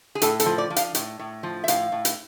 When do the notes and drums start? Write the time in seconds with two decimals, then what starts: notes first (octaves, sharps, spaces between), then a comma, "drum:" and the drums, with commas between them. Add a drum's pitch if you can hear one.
0.15 G#4
0.22 A2 A4, drum: hi-hat
0.40 A4, drum: hi-hat
0.46 F3
0.58 D5
0.70 F3
0.76 F5, drum: hi-hat
0.95 A2, drum: hi-hat
1.19 A2
1.43 F3
1.64 E5
1.68 A2 F5, drum: hi-hat
1.92 A2
2.05 drum: hi-hat